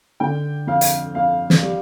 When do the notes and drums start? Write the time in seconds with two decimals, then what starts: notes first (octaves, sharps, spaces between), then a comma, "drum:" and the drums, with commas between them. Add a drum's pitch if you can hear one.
0.20 D3 G5
0.67 F2 F5
0.81 drum: hi-hat
1.15 F2 F5
1.50 drum: snare
1.62 G3